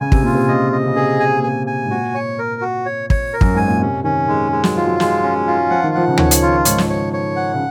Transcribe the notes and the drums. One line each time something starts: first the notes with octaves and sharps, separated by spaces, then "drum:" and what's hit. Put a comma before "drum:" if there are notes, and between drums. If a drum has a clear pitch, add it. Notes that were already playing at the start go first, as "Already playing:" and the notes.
C#3 G#5
C3, drum: kick
A#2 F4
C3
C#3 D#5
D#5
C#3
C3 G#4
G#5
A#2
C3 G#5
G#5
G#2
A#2 F#4
C#5
A#4
F#4
C#5
C#5, drum: kick
A#4
F#2, drum: kick
G#2 G#5
A#2
C3 C#4
D#3 C#4
D#3 G#3
G#3
F#3, drum: snare
F3 F4
F#3
G#3, drum: snare
C#4
F4
F3 F#5
D#3
F3 F#5
C#3
D#3 C#5, drum: tom D2
drum: hi-hat
F4
G#2 C#5, drum: hi-hat
drum: snare
C#5
C#5
F#5
C#3